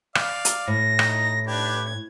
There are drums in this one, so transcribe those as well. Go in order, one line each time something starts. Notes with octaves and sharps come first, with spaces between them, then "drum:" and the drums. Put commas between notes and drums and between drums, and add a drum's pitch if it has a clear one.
D5 F5, drum: rim click
drum: hi-hat
A2 A#6
D#4, drum: rim click
D4 G4 B4 G#6